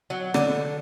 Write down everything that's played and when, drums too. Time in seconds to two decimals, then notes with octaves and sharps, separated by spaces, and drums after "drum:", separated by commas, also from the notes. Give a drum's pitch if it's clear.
0.10 F#3
0.34 D3, drum: rim click